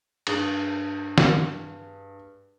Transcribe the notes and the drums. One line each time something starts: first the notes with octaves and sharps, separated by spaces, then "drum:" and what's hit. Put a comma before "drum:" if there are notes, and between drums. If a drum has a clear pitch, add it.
G2 G#4, drum: cymbal
drum: snare